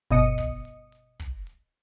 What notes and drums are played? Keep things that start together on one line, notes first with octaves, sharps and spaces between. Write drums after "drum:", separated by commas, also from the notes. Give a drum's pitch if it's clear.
G1 B2 D#5 D#6 C#7, drum: hi-hat
drum: kick, open hi-hat
drum: hi-hat
drum: hi-hat
drum: kick, hi-hat
drum: hi-hat